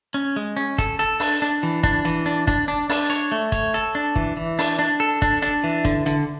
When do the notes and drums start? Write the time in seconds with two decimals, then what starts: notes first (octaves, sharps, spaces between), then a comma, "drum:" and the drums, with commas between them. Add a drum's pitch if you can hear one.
0.14 C#4
0.36 G#3
0.57 C#4
0.78 A4, drum: kick, hi-hat
0.99 A4, drum: hi-hat
1.20 D4, drum: open hi-hat
1.42 D4
1.63 E3
1.83 D4, drum: kick, hi-hat
2.05 E3, drum: hi-hat
2.26 D4
2.47 D4, drum: kick, hi-hat
2.68 D4
2.90 D4, drum: open hi-hat
3.10 C#5
3.32 A3
3.52 C#5, drum: kick, hi-hat
3.74 A4, drum: hi-hat
3.95 D4
4.16 E3, drum: kick
4.37 E3
4.59 D4, drum: open hi-hat
4.79 D4
5.00 A4
5.22 D4, drum: kick, hi-hat
5.42 D4, drum: hi-hat
5.64 E3
5.85 D3, drum: kick, hi-hat
6.06 D3, drum: hi-hat